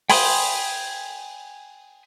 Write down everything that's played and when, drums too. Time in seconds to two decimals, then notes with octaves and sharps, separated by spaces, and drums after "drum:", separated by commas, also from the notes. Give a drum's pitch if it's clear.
0.10 G5 G#5 B5 C6 D#6, drum: open hi-hat